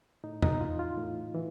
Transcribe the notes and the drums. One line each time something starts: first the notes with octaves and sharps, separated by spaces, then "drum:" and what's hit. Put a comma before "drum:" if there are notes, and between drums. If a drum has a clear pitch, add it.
A2 D#4
D#4, drum: tom E2
E3 F4
F4
A2
E3